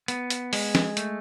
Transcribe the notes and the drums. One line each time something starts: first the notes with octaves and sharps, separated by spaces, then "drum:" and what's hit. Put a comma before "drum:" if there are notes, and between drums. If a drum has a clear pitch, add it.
B3, drum: hi-hat
drum: hi-hat
G#3, drum: open hi-hat
drum: snare
A3, drum: hi-hat